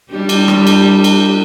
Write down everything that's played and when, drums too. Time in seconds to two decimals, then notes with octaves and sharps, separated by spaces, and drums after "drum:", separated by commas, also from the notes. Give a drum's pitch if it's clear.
0.10 G3 D4 G4
0.29 drum: cymbal
0.48 drum: rim click
0.67 drum: cymbal
1.04 drum: cymbal